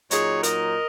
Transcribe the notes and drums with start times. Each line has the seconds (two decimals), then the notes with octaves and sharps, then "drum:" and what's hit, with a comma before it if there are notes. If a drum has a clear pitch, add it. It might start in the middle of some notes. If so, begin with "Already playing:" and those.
0.11 A#2 F#3 D#4 G#4 C#5, drum: hi-hat
0.43 A#4 D#5, drum: hi-hat